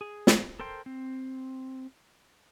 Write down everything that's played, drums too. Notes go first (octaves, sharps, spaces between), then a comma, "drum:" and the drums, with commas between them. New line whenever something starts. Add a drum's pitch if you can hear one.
G#4
drum: snare
A4 A#4 C5 G5 C6
C4